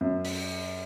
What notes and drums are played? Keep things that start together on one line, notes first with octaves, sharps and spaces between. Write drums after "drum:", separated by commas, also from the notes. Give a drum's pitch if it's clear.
F#2
drum: open hi-hat